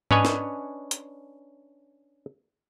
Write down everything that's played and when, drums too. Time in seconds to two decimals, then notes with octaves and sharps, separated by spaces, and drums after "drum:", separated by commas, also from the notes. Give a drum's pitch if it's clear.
0.11 C#4 D4 B4 C#5 D#5 G#5, drum: tom G#2
0.25 drum: snare
0.91 drum: hi-hat